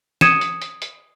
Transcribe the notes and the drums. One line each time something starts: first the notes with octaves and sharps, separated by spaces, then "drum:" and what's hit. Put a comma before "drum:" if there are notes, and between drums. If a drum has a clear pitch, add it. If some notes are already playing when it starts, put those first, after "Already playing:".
D#6 G#6 C#7 D#7 E7, drum: snare
drum: hi-hat
drum: hi-hat
drum: hi-hat